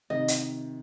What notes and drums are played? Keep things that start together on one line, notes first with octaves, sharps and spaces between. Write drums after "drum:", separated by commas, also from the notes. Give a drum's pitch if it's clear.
C3 D#3 D#5
drum: hi-hat